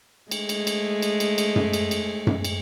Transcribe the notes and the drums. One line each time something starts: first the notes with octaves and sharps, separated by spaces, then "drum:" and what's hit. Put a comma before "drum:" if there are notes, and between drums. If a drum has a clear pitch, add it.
G#3 A3, drum: cymbal
drum: cymbal
drum: cymbal
drum: cymbal
drum: cymbal
drum: cymbal
drum: tom F#2
drum: cymbal
drum: cymbal
drum: tom F#2
drum: cymbal